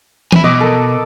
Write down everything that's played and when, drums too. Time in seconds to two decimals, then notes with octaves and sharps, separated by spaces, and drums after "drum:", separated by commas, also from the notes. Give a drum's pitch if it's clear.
0.32 E4 G#5, drum: tom E3
0.44 B2 D#5 D6 E6
0.61 A4 A#4